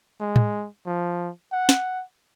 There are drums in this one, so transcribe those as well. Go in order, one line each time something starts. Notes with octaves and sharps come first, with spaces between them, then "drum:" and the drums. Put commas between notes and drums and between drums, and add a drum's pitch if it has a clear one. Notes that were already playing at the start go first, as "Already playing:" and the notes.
G#3
drum: tom
F3
F#5
drum: snare